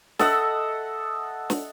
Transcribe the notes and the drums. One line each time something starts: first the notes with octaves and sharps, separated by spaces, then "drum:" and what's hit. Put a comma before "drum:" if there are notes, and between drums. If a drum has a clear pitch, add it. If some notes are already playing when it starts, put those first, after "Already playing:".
A4 D#5 E5 F#5, drum: snare
drum: snare